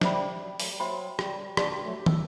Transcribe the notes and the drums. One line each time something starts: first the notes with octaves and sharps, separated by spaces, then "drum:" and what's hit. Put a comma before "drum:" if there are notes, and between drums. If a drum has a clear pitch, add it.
G3 C5 E5 B5, drum: snare
F#3
G3
F#3 A3, drum: open hi-hat
G3
F#3 F#4 C5 E5 G5 B5
G3, drum: rim click
G3 D4 F#4 B4 D5 A5, drum: rim click
G3
F#3 A3
G4
A4, drum: tom